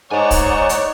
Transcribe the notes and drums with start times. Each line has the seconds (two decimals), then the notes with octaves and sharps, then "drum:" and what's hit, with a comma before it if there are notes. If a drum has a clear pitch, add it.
0.11 G#2 D#4 C#5 D5 F#5 G#5 A#5
0.31 drum: kick, open hi-hat
0.69 drum: hi-hat